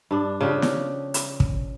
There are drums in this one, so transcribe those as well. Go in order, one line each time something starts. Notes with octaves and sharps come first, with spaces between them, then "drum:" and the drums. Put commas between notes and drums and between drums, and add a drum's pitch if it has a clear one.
G2 D4
C#3 F3 D4 G4
drum: snare
drum: hi-hat
drum: kick